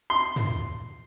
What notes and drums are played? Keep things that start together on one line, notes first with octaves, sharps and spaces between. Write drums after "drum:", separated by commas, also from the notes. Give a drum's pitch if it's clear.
C6
drum: tom